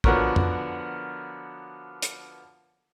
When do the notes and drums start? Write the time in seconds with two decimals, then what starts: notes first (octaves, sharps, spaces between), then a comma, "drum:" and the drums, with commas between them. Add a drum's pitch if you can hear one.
0.04 D3 F3 B3 F#4 A#4 C#5, drum: kick
0.36 drum: tom F2
2.02 drum: hi-hat